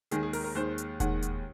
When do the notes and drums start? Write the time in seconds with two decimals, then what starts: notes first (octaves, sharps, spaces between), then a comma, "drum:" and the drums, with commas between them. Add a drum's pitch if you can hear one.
0.11 D#2 D#3 G#3 G#4, drum: hi-hat
0.23 G#4
0.33 A#4, drum: open hi-hat
0.44 A#4
0.55 D#2 D#3 G#3 C5
0.78 drum: hi-hat
1.00 D#2 D#3 G#3 F#5, drum: kick E1, hi-hat
1.22 drum: hi-hat